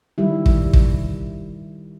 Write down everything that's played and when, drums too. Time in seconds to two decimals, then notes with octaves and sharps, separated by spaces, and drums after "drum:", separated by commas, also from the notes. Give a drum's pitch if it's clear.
0.18 D#3 G3 E4
0.46 drum: kick
0.73 drum: kick